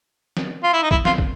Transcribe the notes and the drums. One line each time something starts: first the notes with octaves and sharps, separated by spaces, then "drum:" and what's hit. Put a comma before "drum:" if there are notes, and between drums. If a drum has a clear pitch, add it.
drum: snare
F4
E4
D#4
E4, drum: kick
F4, drum: snare
drum: kick